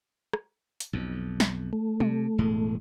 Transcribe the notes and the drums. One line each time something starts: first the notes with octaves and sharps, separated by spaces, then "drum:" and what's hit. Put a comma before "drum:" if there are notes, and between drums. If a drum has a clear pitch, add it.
drum: rim click
drum: hi-hat
B1 F2
drum: snare
A3
C3, drum: tom
E1 A2 G#3